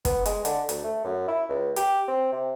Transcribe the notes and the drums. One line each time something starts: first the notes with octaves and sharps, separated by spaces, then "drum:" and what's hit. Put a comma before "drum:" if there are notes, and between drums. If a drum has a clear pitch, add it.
B3, drum: kick, hi-hat
G#3, drum: hi-hat
D3, drum: hi-hat
D2, drum: hi-hat
A3
F#2
E4
C#2
G4, drum: hi-hat
C4
C3